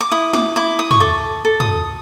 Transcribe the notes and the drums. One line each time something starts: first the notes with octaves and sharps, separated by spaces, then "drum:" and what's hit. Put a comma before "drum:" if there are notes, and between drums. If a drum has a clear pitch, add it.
D6
E4 D#6
D6, drum: snare
E4 D6
D#6
C#6, drum: tom
A4 D6
A4
D#6, drum: tom